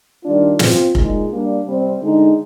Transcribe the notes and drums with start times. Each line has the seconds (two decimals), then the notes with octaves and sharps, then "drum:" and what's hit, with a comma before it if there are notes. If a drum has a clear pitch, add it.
0.24 D#3 G3 D4 F4
0.59 F3 C4 F4, drum: snare
0.95 A#2 G#3 D#4, drum: kick F1
1.30 G3 A#3 D4
1.65 C3 G3 C4
2.02 D3 G#3 D#4